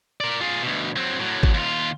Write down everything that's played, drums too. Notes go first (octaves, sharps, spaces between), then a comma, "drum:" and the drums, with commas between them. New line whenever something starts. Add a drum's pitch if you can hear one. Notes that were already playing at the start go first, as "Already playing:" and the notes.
A#4 D5
F4 G#4
D2 B2
F#3 C4
A2 F#3
drum: kick G#1
D#2 F4